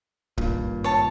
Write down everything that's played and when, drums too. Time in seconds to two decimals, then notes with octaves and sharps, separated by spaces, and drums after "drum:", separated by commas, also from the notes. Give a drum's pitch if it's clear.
0.38 G#1 G2 A#2, drum: kick
0.84 C#5 A5